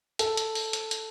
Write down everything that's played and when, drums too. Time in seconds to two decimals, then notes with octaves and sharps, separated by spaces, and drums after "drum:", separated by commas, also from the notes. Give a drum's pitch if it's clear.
0.19 A4, drum: hi-hat
0.37 drum: hi-hat
0.55 drum: open hi-hat
0.73 drum: hi-hat
0.91 drum: hi-hat